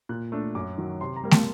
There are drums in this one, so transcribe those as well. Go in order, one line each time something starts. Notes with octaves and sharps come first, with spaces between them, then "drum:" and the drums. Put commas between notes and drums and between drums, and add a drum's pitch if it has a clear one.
A#2 F#6
A3 D4
F#2 D6
D#3 F#3
C3 C6
A#5
G3 A#3
A5, drum: snare